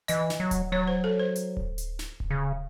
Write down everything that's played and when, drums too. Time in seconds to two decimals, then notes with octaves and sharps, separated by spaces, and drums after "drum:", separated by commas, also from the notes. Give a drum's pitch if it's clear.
0.08 E3 D#5, drum: hi-hat
0.30 drum: snare
0.40 F#3
0.51 drum: kick D1, hi-hat
0.72 F#3 C#5
0.87 C5
1.04 A4
1.19 C5
1.36 drum: hi-hat
1.57 drum: kick D1
1.78 drum: hi-hat
1.99 drum: snare
2.20 drum: kick D1
2.30 C#3